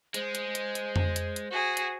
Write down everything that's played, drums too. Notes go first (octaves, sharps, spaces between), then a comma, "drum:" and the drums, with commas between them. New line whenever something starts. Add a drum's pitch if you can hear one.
G#3 C5, drum: hi-hat
drum: hi-hat
drum: hi-hat
drum: hi-hat
drum: tom F2
drum: hi-hat
drum: hi-hat
F#4 G#4
drum: hi-hat